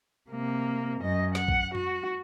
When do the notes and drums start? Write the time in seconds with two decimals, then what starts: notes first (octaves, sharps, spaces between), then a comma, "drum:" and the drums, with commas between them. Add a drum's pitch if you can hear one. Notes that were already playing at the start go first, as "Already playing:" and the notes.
0.30 C3 A#3
1.01 F#2 D#5
1.35 F#5, drum: snare
1.48 drum: kick A#1
1.75 F#4, drum: tom F2